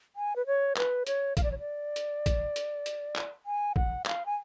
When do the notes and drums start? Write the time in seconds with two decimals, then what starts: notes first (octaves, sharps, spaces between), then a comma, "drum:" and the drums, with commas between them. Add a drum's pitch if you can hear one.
0.16 G#5
0.36 B4
0.47 C#5
0.77 B4, drum: clap
1.07 C#5, drum: hi-hat
1.37 F5, drum: kick, hi-hat
1.43 D5
1.52 C#5
1.59 D5
1.96 drum: hi-hat
2.26 drum: kick, hi-hat
2.56 drum: hi-hat
2.86 drum: hi-hat
3.16 drum: clap
3.46 G#5
3.76 F#5, drum: kick
4.06 F5, drum: clap
4.26 G#5